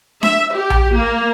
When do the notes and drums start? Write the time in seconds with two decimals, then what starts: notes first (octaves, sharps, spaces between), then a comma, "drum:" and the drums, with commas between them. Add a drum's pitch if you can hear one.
0.23 E5, drum: snare D4
0.55 G4
0.70 drum: tom A#1
0.96 A#3